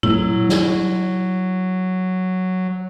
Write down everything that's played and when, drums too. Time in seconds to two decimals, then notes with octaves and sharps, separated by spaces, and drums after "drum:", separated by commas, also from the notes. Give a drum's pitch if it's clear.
0.03 F#3 E4, drum: tom A#2
0.49 drum: snare